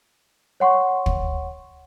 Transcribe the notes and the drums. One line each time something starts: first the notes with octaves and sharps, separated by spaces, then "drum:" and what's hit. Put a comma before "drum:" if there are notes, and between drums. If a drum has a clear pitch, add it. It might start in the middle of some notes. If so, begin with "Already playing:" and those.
C#5 F#5 C6 C#6
drum: kick